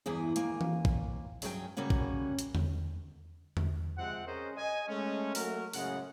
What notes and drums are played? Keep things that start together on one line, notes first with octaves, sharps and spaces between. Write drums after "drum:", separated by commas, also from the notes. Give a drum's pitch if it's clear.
E2 G2 E3 G#4
D#2 A#3 G#5, drum: hi-hat
drum: tom E3
drum: kick
G2 F#3 C#4 G#4 C5 G5, drum: open hi-hat
C#3 G3 A#3 C#4 F#4
drum: kick
drum: hi-hat
drum: tom E2
drum: tom E2
C3 F3 G#3 C4 F#5
C#4 G#4 A#4 C5 C#5 D#5
D#5 G#5
G#3 A3 C#4
F#3 A3 A#3 F#4 A#4, drum: open hi-hat
F#2 A2 C#3 G#3 F#5, drum: open hi-hat